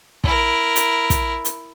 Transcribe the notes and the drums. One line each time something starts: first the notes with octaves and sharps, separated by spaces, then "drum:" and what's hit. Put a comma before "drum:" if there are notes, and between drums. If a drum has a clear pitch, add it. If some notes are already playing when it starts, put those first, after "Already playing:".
E4 A#4, drum: kick
drum: hi-hat
drum: kick, hi-hat
drum: hi-hat